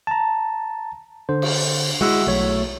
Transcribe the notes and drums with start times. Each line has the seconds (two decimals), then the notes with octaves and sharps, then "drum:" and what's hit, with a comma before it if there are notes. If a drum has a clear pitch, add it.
0.07 A5 A#5
1.29 D3 C5
1.42 drum: cymbal
2.01 G#3 E4 F#4 F#5 E6
2.27 B1 F#3 A3 C#5